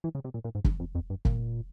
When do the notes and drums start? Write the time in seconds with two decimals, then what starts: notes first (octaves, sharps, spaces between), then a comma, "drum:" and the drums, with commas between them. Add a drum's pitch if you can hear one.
0.04 E3
0.15 C#3
0.24 C3
0.34 A#2
0.44 A#2
0.55 G#2
0.64 G2, drum: kick
0.80 F2
0.95 F2
1.10 G2
1.25 A#2, drum: kick